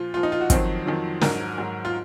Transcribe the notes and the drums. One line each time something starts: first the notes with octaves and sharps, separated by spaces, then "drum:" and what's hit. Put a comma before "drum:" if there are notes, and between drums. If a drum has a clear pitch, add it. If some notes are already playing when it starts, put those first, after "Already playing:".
Already playing: A#2 F3 F4
A#2 F3 F4
D#4
F4
F#4
F2 D#3 F#3 C4, drum: kick, hi-hat
F2 D#3 F#3
G#2 F#3 A#4, drum: snare
G#2 F#3
F4